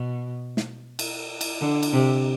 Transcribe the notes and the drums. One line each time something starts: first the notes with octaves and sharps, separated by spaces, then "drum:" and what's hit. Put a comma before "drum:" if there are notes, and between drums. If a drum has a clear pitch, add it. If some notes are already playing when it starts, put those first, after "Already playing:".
Already playing: B2
drum: snare
drum: cymbal
drum: cymbal
D3
drum: cymbal
C3